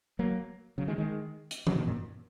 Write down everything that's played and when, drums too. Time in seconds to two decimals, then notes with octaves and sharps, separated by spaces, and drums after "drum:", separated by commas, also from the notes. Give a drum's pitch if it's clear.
0.19 F#3 A#3
0.78 C#3 F#3
0.88 D#3 G#3
0.98 D#3 G#3
1.51 drum: hi-hat
1.67 C#3 F#3, drum: tom E3
1.76 A#2 D#3
1.86 F#2 A#2